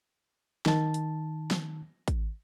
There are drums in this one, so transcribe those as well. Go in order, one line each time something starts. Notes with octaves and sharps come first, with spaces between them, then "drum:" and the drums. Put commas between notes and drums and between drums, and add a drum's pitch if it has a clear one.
D#3 A5, drum: snare
drum: hi-hat
drum: snare
drum: kick, hi-hat